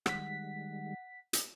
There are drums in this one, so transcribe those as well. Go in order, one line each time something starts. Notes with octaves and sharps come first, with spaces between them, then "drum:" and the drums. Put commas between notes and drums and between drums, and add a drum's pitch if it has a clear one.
D#3 G3 G#3 F#5 B6, drum: rim click
drum: hi-hat